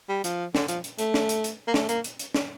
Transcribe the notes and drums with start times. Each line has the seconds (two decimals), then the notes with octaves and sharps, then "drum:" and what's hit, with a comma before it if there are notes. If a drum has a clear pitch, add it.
0.09 G3
0.24 F3, drum: hi-hat
0.55 D3, drum: snare
0.68 F3, drum: hi-hat
0.84 drum: hi-hat
0.99 A3, drum: hi-hat
1.14 drum: snare
1.29 drum: hi-hat
1.44 drum: hi-hat
1.68 A#3
1.74 A3, drum: snare
1.89 A#3, drum: hi-hat
2.04 drum: hi-hat
2.19 drum: hi-hat
2.34 drum: snare